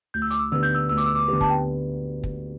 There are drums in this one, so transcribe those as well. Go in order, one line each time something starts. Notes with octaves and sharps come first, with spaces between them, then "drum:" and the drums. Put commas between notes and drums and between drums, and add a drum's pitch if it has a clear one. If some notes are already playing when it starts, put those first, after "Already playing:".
D2 G6
E6
D6, drum: hi-hat
E6
D3 B3 G4 B4 E6
G6
E6
D2 E6
D6, drum: hi-hat
E6
D6
D3 B3 G4 B4
A5, drum: kick
G5
drum: kick